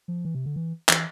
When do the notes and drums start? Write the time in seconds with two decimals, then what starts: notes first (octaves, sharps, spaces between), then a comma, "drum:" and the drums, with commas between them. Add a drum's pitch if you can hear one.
0.08 F3
0.25 E3
0.35 C3
0.46 D3
0.56 E3
0.89 E3, drum: clap